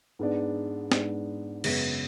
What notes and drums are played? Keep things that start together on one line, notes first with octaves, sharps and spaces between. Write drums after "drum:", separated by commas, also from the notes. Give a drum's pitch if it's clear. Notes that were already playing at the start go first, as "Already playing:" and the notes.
G#2 G#3 B3 D4
G#2 G#3 B3 D4, drum: snare
F#2 C#3 G#3 B3, drum: cymbal